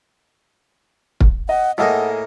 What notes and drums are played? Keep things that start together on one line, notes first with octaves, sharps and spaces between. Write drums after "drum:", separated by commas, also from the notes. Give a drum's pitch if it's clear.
drum: kick
D#5 F#5
A2 A#3 D#4 G#4 A4 D#5 F#5